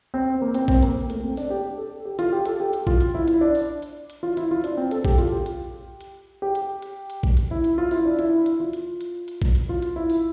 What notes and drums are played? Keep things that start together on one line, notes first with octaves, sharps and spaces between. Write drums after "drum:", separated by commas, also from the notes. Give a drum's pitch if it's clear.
C4
A#3
C4, drum: hi-hat
C4, drum: kick A#1
A#3, drum: hi-hat
A3, drum: hi-hat
C4
D4, drum: open hi-hat
G4
A4
G4
F4, drum: hi-hat
G4
A4, drum: hi-hat
G4
drum: hi-hat
F4, drum: kick A#1
drum: hi-hat
E4
E4, drum: hi-hat
D4
drum: open hi-hat
drum: hi-hat
drum: hi-hat
F4
E4, drum: hi-hat
F4
D4, drum: hi-hat
C4
A4, drum: hi-hat
G4, drum: kick A#1
F4, drum: hi-hat
G4
drum: hi-hat
drum: hi-hat
G4
drum: hi-hat
drum: hi-hat
drum: hi-hat
drum: kick A#1
drum: hi-hat
E4
drum: hi-hat
F4
E4, drum: open hi-hat
D4
E4, drum: hi-hat
drum: hi-hat
F4
drum: hi-hat
drum: hi-hat
drum: hi-hat
drum: kick A#1
drum: hi-hat
F4
drum: hi-hat
E4
drum: open hi-hat